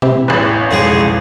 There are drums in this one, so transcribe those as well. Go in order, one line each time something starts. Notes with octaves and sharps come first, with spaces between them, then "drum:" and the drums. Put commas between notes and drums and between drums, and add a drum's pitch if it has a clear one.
C4 E4 G4, drum: tom B2
A1 E2 B4
C#4 F5
B1 F2 G#2 C#3 F#3 G#4